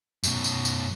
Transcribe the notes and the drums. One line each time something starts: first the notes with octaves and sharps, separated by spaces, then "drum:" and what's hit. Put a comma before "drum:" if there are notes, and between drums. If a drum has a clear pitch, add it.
F#2 B2, drum: tambourine
drum: tambourine
drum: tambourine